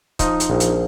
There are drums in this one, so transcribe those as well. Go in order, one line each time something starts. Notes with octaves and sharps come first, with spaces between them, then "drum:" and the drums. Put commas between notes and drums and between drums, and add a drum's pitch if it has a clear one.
F3 D#4, drum: kick C#1, hi-hat
drum: hi-hat
A#1
drum: hi-hat